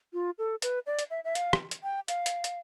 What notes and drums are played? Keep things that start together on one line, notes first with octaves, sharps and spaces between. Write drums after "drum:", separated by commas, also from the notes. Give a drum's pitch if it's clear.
F4
A4
B4, drum: hi-hat
D5
drum: hi-hat
E5
E5
F5, drum: hi-hat
drum: rim click
drum: hi-hat
G5
F5, drum: hi-hat
drum: hi-hat
drum: hi-hat